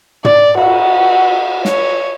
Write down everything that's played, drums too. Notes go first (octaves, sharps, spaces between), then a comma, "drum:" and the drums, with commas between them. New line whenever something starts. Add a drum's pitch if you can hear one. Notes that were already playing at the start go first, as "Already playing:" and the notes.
D5, drum: tom
F#4, drum: cymbal
C#5, drum: snare